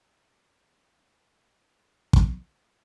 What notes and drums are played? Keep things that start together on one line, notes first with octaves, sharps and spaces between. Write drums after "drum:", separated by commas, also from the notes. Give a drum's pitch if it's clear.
D#4 F#4
drum: kick